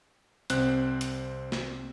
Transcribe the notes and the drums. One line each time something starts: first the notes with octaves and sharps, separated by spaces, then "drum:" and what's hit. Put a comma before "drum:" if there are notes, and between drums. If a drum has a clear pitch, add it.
C2 C4 F#6, drum: hi-hat
drum: hi-hat
drum: snare